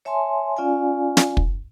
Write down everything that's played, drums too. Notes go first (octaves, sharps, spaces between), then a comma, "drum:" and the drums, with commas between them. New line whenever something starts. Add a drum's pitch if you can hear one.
C#5 E5 G#5 A5 C6
C#4 F4 D5 F5 G#5
drum: snare
drum: kick